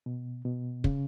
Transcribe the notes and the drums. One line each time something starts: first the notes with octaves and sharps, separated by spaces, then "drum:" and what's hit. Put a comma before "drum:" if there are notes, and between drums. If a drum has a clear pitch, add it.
B2
B2
C#3, drum: kick